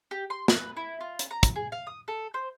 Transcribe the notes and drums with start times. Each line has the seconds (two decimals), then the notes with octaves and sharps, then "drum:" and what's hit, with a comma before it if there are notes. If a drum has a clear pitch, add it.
0.11 G4
0.30 C6
0.48 B4, drum: snare
0.77 E4
1.01 F4
1.19 drum: hi-hat
1.31 A#5
1.43 drum: kick, hi-hat
1.56 G#4
1.72 F5
1.87 D#6
2.08 A4
2.34 C5